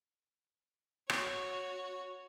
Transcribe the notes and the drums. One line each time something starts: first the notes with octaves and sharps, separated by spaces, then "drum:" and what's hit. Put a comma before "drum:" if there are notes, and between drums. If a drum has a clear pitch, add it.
F#4 C#5, drum: rim click